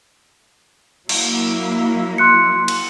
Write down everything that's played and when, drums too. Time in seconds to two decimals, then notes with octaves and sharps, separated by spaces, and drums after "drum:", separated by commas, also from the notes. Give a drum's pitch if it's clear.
1.09 F#3 A#3 E4, drum: cymbal
2.18 C6 F#6 C#7
2.68 drum: cymbal